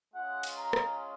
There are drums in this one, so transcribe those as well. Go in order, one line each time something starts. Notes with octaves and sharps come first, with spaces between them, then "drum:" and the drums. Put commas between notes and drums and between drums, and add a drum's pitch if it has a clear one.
G#3 C#4 F4 F#5
drum: cymbal
A#5
drum: rim click